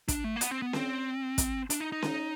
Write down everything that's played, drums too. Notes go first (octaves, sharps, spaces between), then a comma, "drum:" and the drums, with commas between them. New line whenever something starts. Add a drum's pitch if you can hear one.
D4, drum: kick, hi-hat
A3
A#3
B3, drum: hi-hat
C4
B3
C4, drum: snare C#4
drum: kick, hi-hat
D4, drum: hi-hat
D#4
D#4
drum: snare C#4